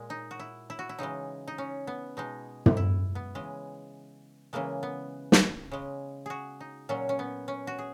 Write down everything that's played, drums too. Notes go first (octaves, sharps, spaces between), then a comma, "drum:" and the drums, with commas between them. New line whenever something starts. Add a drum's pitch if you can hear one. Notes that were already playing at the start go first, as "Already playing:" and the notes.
Already playing: A#2 G#3
D#4
F#4
E4
E4
F#4
E4
C#3 E3 G#3 D#4
D#4
C#4
B3
B2 G#3 D#4
drum: tom
E4
B3
C#3 E3 G#3
C#3 E3 G#3 A#3
B3
drum: snare
C#3 G#3
F#4 G#4
D#4
A#2 F#3 C#4
C#4
B3
C#4
F#4
G#4